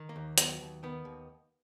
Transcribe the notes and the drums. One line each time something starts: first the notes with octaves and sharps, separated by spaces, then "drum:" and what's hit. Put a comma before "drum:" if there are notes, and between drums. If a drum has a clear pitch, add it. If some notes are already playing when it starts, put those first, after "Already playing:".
Already playing: D#3
A#3
D#2
F#3 B3, drum: hi-hat
D#2
D#3 B3
D#2